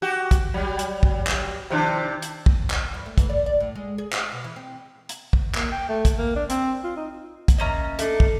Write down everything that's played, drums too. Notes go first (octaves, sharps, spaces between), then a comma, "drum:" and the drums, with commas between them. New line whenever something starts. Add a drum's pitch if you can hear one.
F#4 G4
drum: kick, hi-hat
F#3 G3
drum: hi-hat
drum: kick
drum: clap
C3 D#3 D4
drum: hi-hat
drum: kick
drum: clap
G2
A3
E3, drum: kick, hi-hat
D5
D5
A2
G#3
G#4
F4, drum: clap
B2
E3
C4
drum: hi-hat
drum: kick
A#3, drum: clap
G5
A3
drum: kick, hi-hat
A#3
D4
C4, drum: hi-hat
F4
D#4
drum: kick, hi-hat
A#3 C#4 D#5 E5 A#5
A3 D4 A4, drum: hi-hat
drum: kick